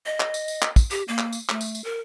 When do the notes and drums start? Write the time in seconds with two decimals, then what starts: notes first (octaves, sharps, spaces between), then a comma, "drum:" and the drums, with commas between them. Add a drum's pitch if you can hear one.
0.06 D#5
0.20 drum: clap
0.34 drum: tambourine
0.48 drum: tambourine
0.62 drum: clap
0.76 drum: kick, tambourine
0.91 G4, drum: tambourine
1.08 A#3
1.18 drum: clap
1.33 drum: tambourine
1.49 A3, drum: clap
1.61 drum: tambourine
1.75 drum: tambourine
1.84 A#4